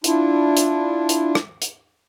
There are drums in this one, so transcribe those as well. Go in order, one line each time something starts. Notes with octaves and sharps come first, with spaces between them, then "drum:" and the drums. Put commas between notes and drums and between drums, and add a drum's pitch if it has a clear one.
D4 E4 F4, drum: hi-hat
drum: hi-hat
drum: hi-hat
drum: rim click
drum: hi-hat